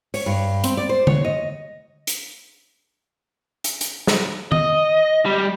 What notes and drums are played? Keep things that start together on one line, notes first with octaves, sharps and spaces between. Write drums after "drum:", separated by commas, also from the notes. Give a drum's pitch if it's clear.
C#5, drum: open hi-hat
G2
C4, drum: hi-hat
D5
C5
C#5, drum: tom
D#5
drum: hi-hat
drum: hi-hat
drum: hi-hat
drum: snare
D#5, drum: tom D#3
G3